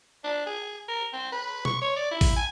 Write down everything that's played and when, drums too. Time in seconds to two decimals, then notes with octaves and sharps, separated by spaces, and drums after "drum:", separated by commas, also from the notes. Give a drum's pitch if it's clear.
0.24 D4
0.46 G#4
0.88 A#4
1.13 C4
1.32 B4
1.65 C#6, drum: tom B2
1.81 C#5
1.96 D5
2.11 E4
2.21 drum: kick A1, open hi-hat
2.36 G#5